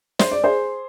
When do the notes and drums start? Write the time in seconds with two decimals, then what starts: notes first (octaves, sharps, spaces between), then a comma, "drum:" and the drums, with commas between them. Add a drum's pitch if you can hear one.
0.19 C5, drum: snare
0.31 D5
0.44 G#4 C5